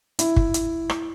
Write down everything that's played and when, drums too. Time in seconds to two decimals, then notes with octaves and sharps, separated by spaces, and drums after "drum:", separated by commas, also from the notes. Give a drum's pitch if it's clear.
0.19 E4, drum: hi-hat
0.36 drum: kick
0.54 drum: hi-hat
0.89 drum: rim click